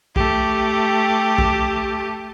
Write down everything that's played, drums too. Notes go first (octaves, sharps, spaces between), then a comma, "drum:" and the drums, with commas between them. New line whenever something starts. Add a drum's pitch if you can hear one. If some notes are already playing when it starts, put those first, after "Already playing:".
A3 G4, drum: kick A#1
drum: kick A#1